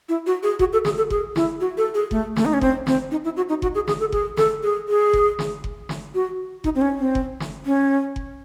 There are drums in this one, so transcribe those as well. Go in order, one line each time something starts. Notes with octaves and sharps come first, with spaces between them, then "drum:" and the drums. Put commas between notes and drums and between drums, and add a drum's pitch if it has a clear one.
E4
F#4
G#4
F#4, drum: kick F#1
A4
G#4, drum: snare
A4
G#4, drum: kick F#1
E4, drum: snare
F#4
A4
G#4
A3, drum: kick F#1
A3, drum: snare
D#4
C#4
C4, drum: kick F#1
C4, drum: snare
D#4
E4
F#4
D#4
F#4, drum: kick F#1
G#4
G#4, drum: snare
A4
G#4, drum: kick F#1
A4, drum: snare
G#4
G#4
drum: kick F#1
drum: snare
drum: kick F#1
drum: snare
F#4
D#4, drum: kick F#1
C4
C#4
C4
drum: kick F#1
drum: snare
C#4
drum: kick F#1